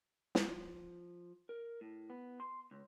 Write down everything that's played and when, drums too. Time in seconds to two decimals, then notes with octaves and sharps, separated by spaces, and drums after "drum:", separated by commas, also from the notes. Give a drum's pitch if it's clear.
0.35 drum: snare
0.47 F3
1.49 A#4
1.81 A2
2.10 B3
2.40 C6
2.71 C#2